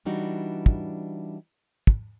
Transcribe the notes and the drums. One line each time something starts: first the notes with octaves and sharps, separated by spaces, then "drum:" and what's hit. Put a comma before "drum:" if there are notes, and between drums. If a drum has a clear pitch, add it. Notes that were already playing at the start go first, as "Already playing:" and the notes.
E3 G3 D4 D#4 F#4
drum: kick
drum: kick